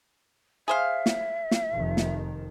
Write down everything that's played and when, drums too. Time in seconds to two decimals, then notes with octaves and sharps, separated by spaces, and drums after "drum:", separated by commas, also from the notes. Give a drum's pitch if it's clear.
0.68 G#4 C5 E5 F5
1.06 drum: snare
1.51 drum: snare
1.74 F1 D#3 F3
1.97 drum: snare